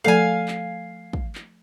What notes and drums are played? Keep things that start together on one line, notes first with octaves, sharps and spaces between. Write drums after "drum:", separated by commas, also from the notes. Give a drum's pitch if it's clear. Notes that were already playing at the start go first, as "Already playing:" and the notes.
F3 A3 A4 F5 G#5
drum: clap
drum: kick
drum: clap